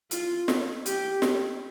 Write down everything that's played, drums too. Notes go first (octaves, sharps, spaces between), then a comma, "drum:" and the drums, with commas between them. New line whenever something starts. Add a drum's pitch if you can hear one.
F4, drum: hi-hat
drum: snare
G4, drum: hi-hat
drum: snare